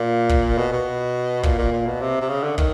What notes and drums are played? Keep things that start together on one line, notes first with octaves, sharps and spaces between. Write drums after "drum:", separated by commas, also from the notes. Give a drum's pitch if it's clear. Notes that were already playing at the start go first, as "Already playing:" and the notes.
Already playing: A#2
drum: kick
B2
B2
A#2, drum: kick
A#2
A#2
B2
C3
C3
C#3
D3
D#3, drum: kick